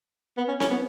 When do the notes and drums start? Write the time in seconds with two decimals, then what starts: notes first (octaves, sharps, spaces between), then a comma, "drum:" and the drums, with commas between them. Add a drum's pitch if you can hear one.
0.38 B3
0.48 C#4
0.60 C#4, drum: snare C4
0.71 B3